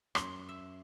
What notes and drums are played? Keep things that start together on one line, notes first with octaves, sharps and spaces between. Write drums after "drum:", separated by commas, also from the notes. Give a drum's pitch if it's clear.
F#2 C6 G7, drum: rim click
E5